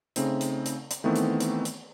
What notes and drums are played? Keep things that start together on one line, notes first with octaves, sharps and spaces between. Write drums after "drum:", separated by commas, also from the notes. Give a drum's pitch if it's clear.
C#3 A3 C4 D#4, drum: hi-hat
drum: hi-hat
drum: hi-hat
drum: hi-hat
D#3 E3 A3 B3 C4
drum: hi-hat
drum: hi-hat
drum: hi-hat